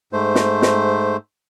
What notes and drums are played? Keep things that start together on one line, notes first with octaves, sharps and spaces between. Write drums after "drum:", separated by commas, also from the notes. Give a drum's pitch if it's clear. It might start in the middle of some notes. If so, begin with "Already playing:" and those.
G#2 A3 C5
drum: snare
drum: snare